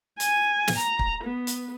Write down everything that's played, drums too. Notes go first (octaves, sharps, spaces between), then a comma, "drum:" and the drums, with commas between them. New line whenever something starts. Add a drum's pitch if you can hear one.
G#5, drum: hi-hat
drum: snare
A#5
drum: kick
B3
drum: hi-hat